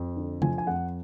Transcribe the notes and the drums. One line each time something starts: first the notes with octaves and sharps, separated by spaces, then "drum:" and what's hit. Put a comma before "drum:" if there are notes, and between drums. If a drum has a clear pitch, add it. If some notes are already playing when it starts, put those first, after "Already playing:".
Already playing: F2
D3
F3 G#5, drum: tom C3
G#5
F2 F#5